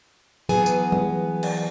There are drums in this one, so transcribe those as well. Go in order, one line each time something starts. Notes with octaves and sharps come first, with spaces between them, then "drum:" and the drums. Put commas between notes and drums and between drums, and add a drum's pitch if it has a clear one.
E3 F#3 B3 G#4 G#5 A5
drum: tambourine
drum: tom G3
drum: cymbal